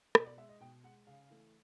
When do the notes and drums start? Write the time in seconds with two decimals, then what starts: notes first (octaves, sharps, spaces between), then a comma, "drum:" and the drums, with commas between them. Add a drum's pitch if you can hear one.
0.15 B2 D#5, drum: rim click
0.26 D5
0.37 G#3 E5
0.49 D#5
0.60 B2 G5
0.83 G#3 F#5
1.07 C#3 F5
1.30 E3 A3